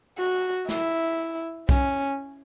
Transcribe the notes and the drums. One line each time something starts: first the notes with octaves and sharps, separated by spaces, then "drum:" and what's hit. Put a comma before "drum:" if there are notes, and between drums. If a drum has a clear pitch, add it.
F#4
E4, drum: snare
C#4, drum: kick B1